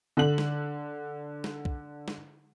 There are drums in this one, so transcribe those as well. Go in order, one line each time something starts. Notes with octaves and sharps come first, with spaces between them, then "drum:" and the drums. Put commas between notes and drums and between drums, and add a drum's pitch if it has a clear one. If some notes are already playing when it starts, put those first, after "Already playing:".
D3 F#7
drum: snare
drum: snare
drum: kick C2
drum: snare